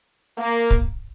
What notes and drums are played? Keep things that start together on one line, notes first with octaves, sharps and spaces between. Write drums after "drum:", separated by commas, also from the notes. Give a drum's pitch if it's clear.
A#3
drum: kick